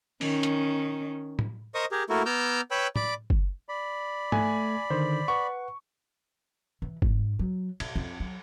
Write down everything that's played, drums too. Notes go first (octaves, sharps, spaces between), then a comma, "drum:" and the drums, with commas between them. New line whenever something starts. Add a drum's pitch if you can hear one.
D#3 C#4, drum: open hi-hat
drum: hi-hat
drum: tom A2
A#4 C5 D#5 C#6 D#6
G4 G#4 A#4
A3 A#3 E4 F#4 A4 A#4
B3 A#5 D6 E6 F6 G6
B4 C#5 G5 B5 E6 F#6
D5 B5 D6, drum: tom A2
drum: kick F#1
D5 B5
A3 G#5, drum: tom
D3 D#3 C5
B4 F#5 C#6
E3
G#2, drum: kick F#1
F#3
F#2, drum: cymbal
F2
F#3